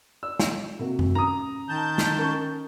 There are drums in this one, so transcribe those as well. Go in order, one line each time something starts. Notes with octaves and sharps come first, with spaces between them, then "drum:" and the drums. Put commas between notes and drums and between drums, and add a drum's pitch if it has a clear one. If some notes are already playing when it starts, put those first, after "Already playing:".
D5 E6
drum: snare
C3 A#3 F#4
drum: tom F#2
A1 A#5 D#6
D#3 A5 G6
drum: snare
C#4 A#4 C#6